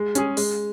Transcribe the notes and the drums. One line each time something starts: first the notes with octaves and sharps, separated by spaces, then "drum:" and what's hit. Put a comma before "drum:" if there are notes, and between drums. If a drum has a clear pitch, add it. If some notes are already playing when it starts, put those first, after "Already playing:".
Already playing: G#3
C#4 G#4, drum: hi-hat
G#3, drum: open hi-hat